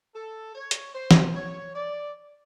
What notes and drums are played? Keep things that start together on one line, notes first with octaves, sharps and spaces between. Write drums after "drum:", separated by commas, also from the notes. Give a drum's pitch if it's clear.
A4
C#5
drum: hi-hat
C5
drum: snare
C#5
D5